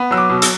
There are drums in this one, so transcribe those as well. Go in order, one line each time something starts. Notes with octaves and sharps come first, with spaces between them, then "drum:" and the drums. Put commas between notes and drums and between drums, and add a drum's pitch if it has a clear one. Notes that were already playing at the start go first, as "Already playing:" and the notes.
Already playing: B3
F#3 E6
D6
B2
E6, drum: hi-hat